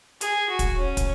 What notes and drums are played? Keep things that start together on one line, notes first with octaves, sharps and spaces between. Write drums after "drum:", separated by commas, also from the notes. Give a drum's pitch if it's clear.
G#4, drum: hi-hat
F#4
drum: kick, hi-hat
C#4
drum: kick, hi-hat